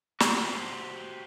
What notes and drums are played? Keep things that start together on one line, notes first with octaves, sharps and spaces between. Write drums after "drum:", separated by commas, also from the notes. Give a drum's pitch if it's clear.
F#4 G4 C5, drum: snare